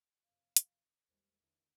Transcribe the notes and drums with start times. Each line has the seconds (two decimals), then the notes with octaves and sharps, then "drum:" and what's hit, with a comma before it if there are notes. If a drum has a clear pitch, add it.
0.24 F2 C3 F5
0.56 drum: hi-hat
1.08 D#2 G3 G#3 C5
1.40 D#2 D3 E3